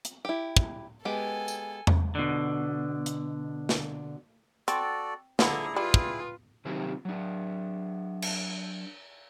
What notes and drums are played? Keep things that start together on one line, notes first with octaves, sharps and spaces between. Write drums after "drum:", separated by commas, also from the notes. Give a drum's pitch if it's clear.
drum: hi-hat
E4 G4
drum: kick
G#3 B3 G4 A4 G#5
drum: tambourine
drum: tom E2
B2 D3
drum: hi-hat
drum: snare
C4 F#4 A4 D5, drum: hi-hat
D3 F3 B3 E4 G#4 A#5, drum: snare
G3 F4 B4
drum: kick
C3 D#3 F#3 C4 F4 G4
F#3 D4
drum: cymbal